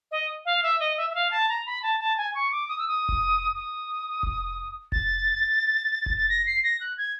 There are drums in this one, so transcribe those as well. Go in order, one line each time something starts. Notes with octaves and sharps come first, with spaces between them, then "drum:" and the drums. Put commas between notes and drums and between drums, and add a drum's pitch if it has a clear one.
D#5
F5
E5
D#5
E5
E5
F5
A5
A#5
B5
A5
A5
G#5
C#6
D6
D#6
E6
D#6
drum: kick F1
D#6
drum: kick F1
A6, drum: kick F1
drum: kick F1
A6
A#6
C7
A#6
F#6
G#6